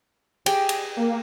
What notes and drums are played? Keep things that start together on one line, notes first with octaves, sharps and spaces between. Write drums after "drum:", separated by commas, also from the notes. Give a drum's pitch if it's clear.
G4 G#4 G5, drum: cymbal
drum: cymbal
A#3